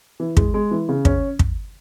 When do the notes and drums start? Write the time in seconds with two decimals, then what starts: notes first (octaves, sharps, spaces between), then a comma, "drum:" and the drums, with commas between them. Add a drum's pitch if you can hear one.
0.20 E3
0.37 G#3, drum: kick
0.54 G#3
0.71 E3
0.89 C#3
1.05 C#4, drum: kick
1.39 drum: kick